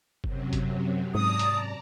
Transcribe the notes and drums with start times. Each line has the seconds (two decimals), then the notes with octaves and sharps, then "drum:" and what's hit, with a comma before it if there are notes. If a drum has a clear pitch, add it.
0.24 F#2 C3 F#3, drum: kick F#1
0.53 drum: kick F#1, hi-hat
1.15 G#2 D5 A5 A#5 D#6
1.39 drum: hi-hat